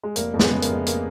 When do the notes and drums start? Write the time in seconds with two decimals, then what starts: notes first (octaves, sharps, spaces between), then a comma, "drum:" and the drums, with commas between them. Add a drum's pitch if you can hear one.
0.03 G#3
0.16 F1 A#3, drum: hi-hat
0.34 F2
0.39 G#3 B3, drum: snare
0.51 C#3
0.62 A#3, drum: hi-hat
0.68 F1
0.86 A#3, drum: hi-hat